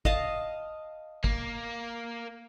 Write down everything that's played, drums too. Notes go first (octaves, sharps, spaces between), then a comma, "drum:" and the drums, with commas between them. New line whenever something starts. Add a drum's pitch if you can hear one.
D#5 F5 A5, drum: kick
A#3, drum: kick